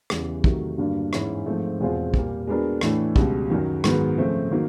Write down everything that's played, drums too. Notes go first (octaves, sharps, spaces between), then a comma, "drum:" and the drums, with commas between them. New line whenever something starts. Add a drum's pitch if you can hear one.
E2 C#3 E3 G3, drum: rim click
C3 D#3 F#3 A3, drum: kick
G2 D3 F#3 A#3 D4
G#2 E3 G#3 C#4 E4, drum: rim click
G#2 F3 A3 C4 F4
E2 B2 G#3 C4 F4
A#2 G3 A#3, drum: kick
G#3 B3 D4 F#4 A#4
A2 E3 A3 D4, drum: rim click
C#2 B2 G3, drum: kick
F#2 D#3 F#3
G#2 D#3 F#3 B3, drum: rim click
C#3 F3 A3 C4
D#3 F#3 A#3 D#4